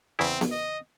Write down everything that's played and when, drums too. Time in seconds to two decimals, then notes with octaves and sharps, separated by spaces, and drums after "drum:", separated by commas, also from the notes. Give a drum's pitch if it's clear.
0.19 E2 C#3 C4 E4
0.41 drum: snare B3
0.51 D#5